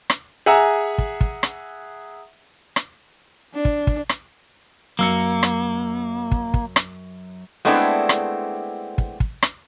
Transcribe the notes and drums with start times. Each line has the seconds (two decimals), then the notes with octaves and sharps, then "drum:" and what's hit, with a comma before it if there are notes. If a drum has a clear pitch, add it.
0.10 drum: rim click
0.46 G#4 E5 F#5 G#5 A#5 E6
0.98 drum: kick
1.21 drum: kick
1.43 drum: rim click
2.76 drum: rim click
3.54 D4
3.65 drum: kick
3.87 drum: kick
4.09 drum: rim click
4.99 F#2 A#3 E6 C#7
5.43 drum: rim click
6.32 drum: kick
6.54 drum: kick
6.76 drum: rim click
7.65 G#3 A3 B3 C4 D4 E4
8.09 drum: rim click
8.98 drum: kick
9.20 drum: kick
9.42 drum: rim click